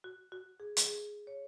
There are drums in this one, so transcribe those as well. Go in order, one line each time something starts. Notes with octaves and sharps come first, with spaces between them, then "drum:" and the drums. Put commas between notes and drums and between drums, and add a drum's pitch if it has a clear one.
F#4
F#4
G#4
drum: hi-hat
G#4
C#5